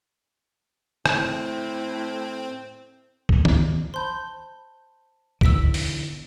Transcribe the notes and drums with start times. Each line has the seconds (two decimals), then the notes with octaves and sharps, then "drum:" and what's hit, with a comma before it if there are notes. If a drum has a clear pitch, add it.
1.06 A2 C4, drum: rim click
3.29 drum: kick
3.45 drum: tom
3.94 C5 A5 B5 C6 G6
5.41 B2 D3 E3 E6 B6 D7, drum: kick
5.74 drum: open hi-hat